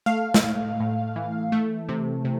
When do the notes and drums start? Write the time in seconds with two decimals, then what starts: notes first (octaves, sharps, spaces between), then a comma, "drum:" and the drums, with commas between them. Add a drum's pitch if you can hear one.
0.06 A3 F5
0.34 drum: snare
0.44 A2
0.80 A2
1.16 E3
1.52 A3
1.89 C3
2.25 C3